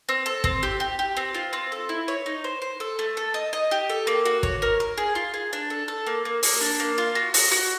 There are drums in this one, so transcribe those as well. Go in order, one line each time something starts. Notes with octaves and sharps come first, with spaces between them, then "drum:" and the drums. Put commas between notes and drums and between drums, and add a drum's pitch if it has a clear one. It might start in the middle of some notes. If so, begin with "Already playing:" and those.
C4
A4
C4, drum: kick
G4
G4
G4
C4
F4
C4
A4
E4
C#5
D#4
C5
C5
A4
A3
A4
D#5
D#5
G4
A4
A#3
F#4
C#5, drum: kick
A#4
A#4
G#4
F4
G#4
D4
A4
A4
A#3
A#3
A#3, drum: open hi-hat
D4
A#3
F4
F#4
F#4, drum: open hi-hat
F#4